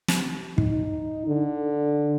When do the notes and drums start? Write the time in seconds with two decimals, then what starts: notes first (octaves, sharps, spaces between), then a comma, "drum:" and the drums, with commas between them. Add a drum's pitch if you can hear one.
0.08 drum: snare
0.58 D#4, drum: kick
1.27 D3